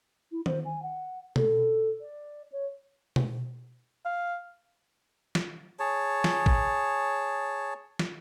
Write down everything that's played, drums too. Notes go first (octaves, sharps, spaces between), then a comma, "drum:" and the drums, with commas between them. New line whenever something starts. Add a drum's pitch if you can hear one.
E4
C5, drum: tom D#3
G#5
F#5
A4, drum: tom B2
D5
C#5
drum: tom B2
F5
drum: snare
G#4 C#5 A5
drum: snare
drum: kick
drum: snare